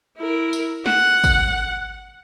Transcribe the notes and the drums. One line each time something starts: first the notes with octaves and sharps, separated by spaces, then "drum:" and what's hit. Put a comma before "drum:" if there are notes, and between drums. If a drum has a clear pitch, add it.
E4 A#4
drum: tambourine
F#5, drum: snare
drum: kick, tambourine